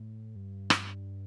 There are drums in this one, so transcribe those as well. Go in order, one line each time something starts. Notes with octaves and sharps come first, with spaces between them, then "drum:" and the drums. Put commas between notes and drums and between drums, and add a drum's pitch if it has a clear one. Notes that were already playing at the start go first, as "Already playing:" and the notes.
Already playing: A2
G2
drum: rim click